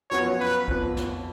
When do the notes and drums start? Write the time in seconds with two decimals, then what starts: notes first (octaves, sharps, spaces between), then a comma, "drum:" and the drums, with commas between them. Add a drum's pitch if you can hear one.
0.10 F#2 F3 B3 F#4 C#5
0.40 B4
0.68 F2 F3 B3, drum: kick B1
0.97 drum: snare